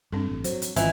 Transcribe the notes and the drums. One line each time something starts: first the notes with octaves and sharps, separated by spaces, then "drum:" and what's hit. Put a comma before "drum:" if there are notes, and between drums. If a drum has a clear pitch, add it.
G2 C4 D4 A4
A1
F#3 C5, drum: hi-hat
drum: hi-hat
G#1 E3 C#4 F4 D#5, drum: hi-hat